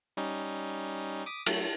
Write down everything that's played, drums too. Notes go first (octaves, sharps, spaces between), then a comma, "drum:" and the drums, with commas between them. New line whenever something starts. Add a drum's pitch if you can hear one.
G3 C#4 D#4
D6 D#6 B6
F#3 A3, drum: cymbal